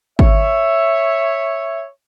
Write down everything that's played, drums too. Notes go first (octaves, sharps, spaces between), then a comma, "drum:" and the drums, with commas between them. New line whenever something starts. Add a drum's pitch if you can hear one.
C#5 E5, drum: kick G#1